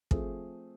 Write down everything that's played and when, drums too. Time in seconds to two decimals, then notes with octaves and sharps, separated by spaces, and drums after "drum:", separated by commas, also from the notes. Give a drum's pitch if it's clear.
0.11 F3 A3 C4 G#4, drum: kick